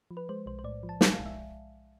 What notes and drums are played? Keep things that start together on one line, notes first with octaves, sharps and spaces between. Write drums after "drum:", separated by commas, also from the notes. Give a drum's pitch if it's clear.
F3
B4
G#3 C5
B1 C5
C5
A2 D5
F3
A5
G#3 G#5, drum: snare
F5
B1
E5